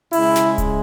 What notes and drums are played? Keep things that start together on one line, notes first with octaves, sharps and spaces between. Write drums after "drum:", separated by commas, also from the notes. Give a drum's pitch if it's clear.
C#3 G#3 E4, drum: open hi-hat
drum: snare
drum: kick D1, hi-hat